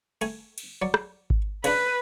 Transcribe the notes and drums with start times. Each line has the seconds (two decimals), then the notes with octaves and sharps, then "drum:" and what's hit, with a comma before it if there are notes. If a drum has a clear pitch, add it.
0.21 A3 G#5, drum: cymbal
0.58 drum: cymbal
0.82 F#3 D5
0.94 drum: rim click
1.30 drum: kick G#1
1.64 C#3 D4 B4, drum: cymbal